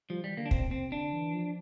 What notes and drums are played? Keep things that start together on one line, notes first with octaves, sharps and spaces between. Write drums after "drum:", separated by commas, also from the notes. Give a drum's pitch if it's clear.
F3 G3
E3 G3
D3 A#3
D4
A#2 C4, drum: kick
C3 C4
D3 D4
E3
F3